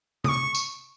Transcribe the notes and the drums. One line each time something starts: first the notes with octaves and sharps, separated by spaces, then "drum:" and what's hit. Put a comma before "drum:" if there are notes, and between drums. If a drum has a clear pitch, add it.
D#6, drum: tom
C#6
drum: tambourine